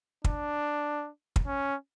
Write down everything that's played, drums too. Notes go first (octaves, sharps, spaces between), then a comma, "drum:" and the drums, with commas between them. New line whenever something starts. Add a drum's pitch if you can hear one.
D4, drum: kick
drum: kick
C#4